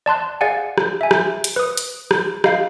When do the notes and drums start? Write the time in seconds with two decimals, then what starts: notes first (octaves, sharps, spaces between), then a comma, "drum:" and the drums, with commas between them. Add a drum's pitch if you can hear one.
0.06 D5 A5 C6 F#6
0.41 G#4 D5 F5 F#5 G#5
0.78 drum: rim click
1.01 E5 G#5
1.11 drum: rim click
1.44 drum: hi-hat
1.56 B4 D#6
1.77 drum: hi-hat
2.11 drum: rim click
2.44 D#5 F5, drum: rim click